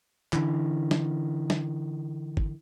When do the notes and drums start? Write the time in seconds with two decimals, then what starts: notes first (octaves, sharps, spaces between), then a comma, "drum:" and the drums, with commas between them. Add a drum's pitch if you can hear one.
0.33 D3 E3, drum: clap
0.91 drum: snare
1.50 drum: snare
2.37 drum: kick G1